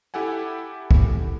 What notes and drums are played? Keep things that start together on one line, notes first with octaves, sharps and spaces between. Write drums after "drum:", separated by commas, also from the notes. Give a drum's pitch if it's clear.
E4 G4 A4 F#5 G#5
drum: kick